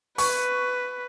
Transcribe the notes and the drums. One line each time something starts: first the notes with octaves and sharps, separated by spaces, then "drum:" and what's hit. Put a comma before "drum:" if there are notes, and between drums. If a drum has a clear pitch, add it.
B4 C#6, drum: open hi-hat